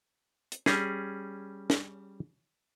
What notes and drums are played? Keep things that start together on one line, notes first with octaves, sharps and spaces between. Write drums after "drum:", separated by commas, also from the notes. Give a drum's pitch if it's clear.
drum: hi-hat
G3 C#4 G#4, drum: snare
drum: snare